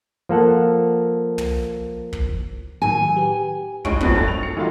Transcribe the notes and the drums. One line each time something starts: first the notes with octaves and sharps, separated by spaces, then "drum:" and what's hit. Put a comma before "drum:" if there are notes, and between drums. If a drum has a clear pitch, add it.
F3 A#3 A4 F#5
drum: tom
drum: kick
A2 D#3 F#3 G#5
G4 B4
G2 G#3 C#5 C#6 D7, drum: kick
E2 F3 F#3 B3 C4 D4, drum: kick
G2 A4 C#6 A6
F7
C#7
E3 G3 A3 D#4 F4 F#4